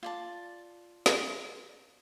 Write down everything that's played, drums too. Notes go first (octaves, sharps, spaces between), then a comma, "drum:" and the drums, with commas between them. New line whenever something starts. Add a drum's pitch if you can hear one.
F4 D5 A5
drum: snare